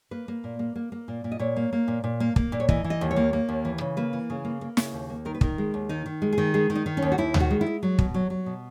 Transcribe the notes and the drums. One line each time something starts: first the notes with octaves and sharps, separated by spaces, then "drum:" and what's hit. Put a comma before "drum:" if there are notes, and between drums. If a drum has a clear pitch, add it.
A#3 B4
A#3
A#2
A#3
A#3
A#3
A#2
A#2
D#5
A#2 C#5
A#3
A#3
A#2
A#2
A#3
A#3, drum: kick
A#2
C#5
E3 D#5, drum: kick
E3
D#5
D#2
C#5
A#3
A#3
D#2
E3
C#3
A#3 B4
E3
C#3
A#3
A#3
C#3, drum: snare
D#2
A#3
D#3 A#4
B4
D#3 A#4, drum: kick
G#3
D#2
D#3 D#4
D#3
G#3
G#4
D#3
G#3 G#4
D#3
D#4
D#3
C#4
D#2
F#4
D#2 E4
D#3, drum: tom D2
F#4
G#3
E4
G#3
F#3
B2, drum: kick
F#3
F#3
B2